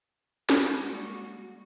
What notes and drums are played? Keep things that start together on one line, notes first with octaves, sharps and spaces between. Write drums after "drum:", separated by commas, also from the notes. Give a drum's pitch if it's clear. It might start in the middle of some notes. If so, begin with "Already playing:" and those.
drum: snare
G3 G#3 A#3 F#4